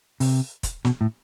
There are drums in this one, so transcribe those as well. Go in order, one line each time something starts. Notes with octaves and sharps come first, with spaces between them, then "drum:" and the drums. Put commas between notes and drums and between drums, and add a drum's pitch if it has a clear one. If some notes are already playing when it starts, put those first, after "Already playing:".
C3, drum: open hi-hat
drum: kick, hi-hat
B2, drum: snare
A2